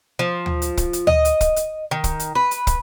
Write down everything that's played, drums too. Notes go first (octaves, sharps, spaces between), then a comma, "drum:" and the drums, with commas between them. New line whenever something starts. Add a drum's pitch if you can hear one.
F3
drum: tom D2
drum: hi-hat
drum: kick, hi-hat
drum: hi-hat
D#5, drum: tom D2
drum: hi-hat
drum: kick, hi-hat
drum: hi-hat
D#3
drum: kick, hi-hat
drum: hi-hat
B4
drum: hi-hat
drum: kick, hi-hat